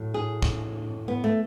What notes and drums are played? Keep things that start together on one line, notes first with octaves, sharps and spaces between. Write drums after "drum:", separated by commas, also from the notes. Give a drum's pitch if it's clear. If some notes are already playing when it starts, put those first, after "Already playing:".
Already playing: A2 F#3
G#4
drum: kick
B3
A3